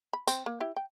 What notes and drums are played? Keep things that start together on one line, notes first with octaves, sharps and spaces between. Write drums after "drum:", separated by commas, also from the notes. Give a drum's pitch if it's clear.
B5
C4, drum: tambourine
A#3
E4 G4
G5